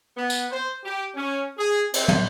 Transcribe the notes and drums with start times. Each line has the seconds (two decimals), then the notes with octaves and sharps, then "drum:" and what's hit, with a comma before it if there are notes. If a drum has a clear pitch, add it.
0.16 B3
0.30 drum: tambourine
0.51 C5
0.84 G4
1.15 C#4
1.57 G#4
1.94 C4, drum: cymbal
2.08 drum: tom